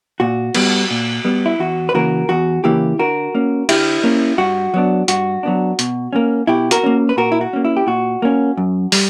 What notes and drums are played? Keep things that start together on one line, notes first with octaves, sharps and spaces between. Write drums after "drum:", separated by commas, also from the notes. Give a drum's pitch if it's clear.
A#2 F#4
G3 B3, drum: cymbal
A#2
G3 B3
E4
E2 F#4
B4
C#3 E3 A#3 F#4 A#4
E2 F#4
C#3 E3 A#3 E4 G4
D3 F#4 A#4
A#3 C#4
D3 E4 G4, drum: cymbal
A#3 C#4
G2 F#4
F#3 B3 D4
G2 F#4, drum: hi-hat
F#3 B3 D4
B2, drum: hi-hat
A#3 C#4
B2 E4 G4
F#4 A#4, drum: hi-hat
A#3 C#4
B4
A#2 F#4 A#4
E4
F#4
A#3 C#4
E4
G4
A#2 F#4
A#3 C#4
F#2
G3, drum: open hi-hat